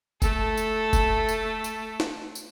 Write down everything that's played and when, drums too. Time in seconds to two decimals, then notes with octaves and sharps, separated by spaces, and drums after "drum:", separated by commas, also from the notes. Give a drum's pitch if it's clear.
0.22 A3 A4, drum: kick F1, tambourine
0.57 drum: tambourine
0.93 drum: kick F1, tambourine
1.29 drum: tambourine
1.64 drum: tambourine
2.00 drum: snare
2.35 drum: tambourine